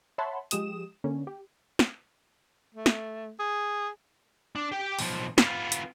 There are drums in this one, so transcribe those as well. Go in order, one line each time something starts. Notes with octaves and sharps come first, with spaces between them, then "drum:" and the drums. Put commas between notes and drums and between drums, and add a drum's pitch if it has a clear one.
C#5 E5 F#5 A5 B5 C6
F3 G#3 G4 D#6 E7, drum: hi-hat
D3 A#3 C#4
G4
drum: snare
A3
drum: snare
G#4
D4
G4 G5
B1 F3, drum: open hi-hat
B3 F4, drum: snare
drum: hi-hat